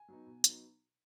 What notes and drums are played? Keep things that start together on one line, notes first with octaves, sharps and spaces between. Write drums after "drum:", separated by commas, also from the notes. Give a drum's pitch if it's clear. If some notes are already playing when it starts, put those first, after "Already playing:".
Already playing: G#5
F#3 B3 D#4
B2
F#3 B3 D#4, drum: hi-hat